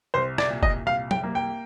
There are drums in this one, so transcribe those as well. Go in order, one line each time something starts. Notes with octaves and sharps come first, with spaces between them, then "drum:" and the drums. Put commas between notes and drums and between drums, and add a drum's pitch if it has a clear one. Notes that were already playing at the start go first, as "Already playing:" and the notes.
C2 C5
D5, drum: rim click
A#2
D#5, drum: kick
C2 F5
G5, drum: tom F#3
A#3
G5